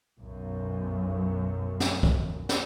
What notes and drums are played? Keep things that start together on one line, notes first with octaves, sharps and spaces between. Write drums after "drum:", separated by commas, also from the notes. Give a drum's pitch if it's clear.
B1 F#2
drum: snare
drum: kick
drum: snare